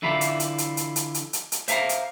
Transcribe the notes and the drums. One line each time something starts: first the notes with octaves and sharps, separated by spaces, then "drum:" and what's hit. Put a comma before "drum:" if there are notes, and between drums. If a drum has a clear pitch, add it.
D3 E3 E4 F4 E5 A#5
drum: hi-hat
drum: hi-hat
drum: hi-hat
drum: hi-hat
drum: hi-hat
drum: hi-hat
drum: hi-hat
drum: hi-hat
C5 E5 F5 G#5 A#5, drum: hi-hat
drum: hi-hat